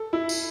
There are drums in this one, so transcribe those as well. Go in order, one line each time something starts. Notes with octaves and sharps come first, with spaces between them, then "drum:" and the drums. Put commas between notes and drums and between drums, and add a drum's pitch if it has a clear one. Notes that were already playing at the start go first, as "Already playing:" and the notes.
Already playing: A4
E4
drum: tambourine